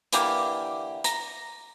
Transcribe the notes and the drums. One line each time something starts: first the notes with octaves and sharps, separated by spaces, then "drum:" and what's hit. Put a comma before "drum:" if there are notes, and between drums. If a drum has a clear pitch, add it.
D3 E3 A#3 G4, drum: hi-hat
A#5, drum: hi-hat